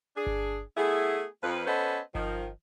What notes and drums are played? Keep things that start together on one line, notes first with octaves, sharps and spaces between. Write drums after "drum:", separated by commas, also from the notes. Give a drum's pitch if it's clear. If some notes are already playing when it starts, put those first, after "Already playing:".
D4 G#4
drum: kick G1
A3 B3 E4 G#4
F2 F3 B4
B3 C#4 A4 B4 C5 D#5
D#3 F3, drum: kick G1